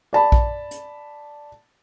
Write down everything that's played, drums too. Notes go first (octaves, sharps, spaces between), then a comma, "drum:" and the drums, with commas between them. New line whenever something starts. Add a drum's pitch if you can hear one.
D5 A5 B5
drum: kick A#1
drum: hi-hat